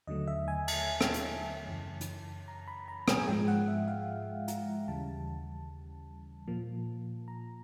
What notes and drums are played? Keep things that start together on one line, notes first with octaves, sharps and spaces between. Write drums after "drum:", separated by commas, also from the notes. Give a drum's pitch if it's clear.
D#2 D3 F#3 A3 D#5
E5
G#5
A5, drum: cymbal
drum: rim click
drum: hi-hat
F#2 C#3 E3
drum: hi-hat
A#5
B5
A#5
G#5, drum: rim click
G#2 F3 G#3 G5
F#5
E5
F5
A#5, drum: hi-hat
D#2 C#3 E3 G3 A5
A#2 F3 A#3
A#5